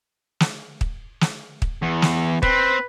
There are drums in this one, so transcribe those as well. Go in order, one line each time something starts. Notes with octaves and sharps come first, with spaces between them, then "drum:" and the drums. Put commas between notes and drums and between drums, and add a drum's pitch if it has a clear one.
drum: snare
drum: kick
drum: snare
drum: kick
E2
drum: snare
C4 B4, drum: kick